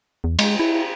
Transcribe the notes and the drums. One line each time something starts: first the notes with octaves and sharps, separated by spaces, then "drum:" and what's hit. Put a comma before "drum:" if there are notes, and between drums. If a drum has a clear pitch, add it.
E2
G#3, drum: cymbal
E4